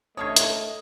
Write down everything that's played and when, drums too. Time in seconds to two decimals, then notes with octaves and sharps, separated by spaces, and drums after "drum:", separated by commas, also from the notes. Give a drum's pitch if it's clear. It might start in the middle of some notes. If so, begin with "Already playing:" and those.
0.17 A3 D4 A4 C#5 D#5 D#6 F6 G#6
0.36 drum: hi-hat